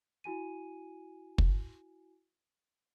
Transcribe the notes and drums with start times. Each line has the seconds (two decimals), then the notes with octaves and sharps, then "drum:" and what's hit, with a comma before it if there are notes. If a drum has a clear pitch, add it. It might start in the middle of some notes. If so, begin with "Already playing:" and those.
0.24 E4 F#4 G#5 D#7
1.38 drum: kick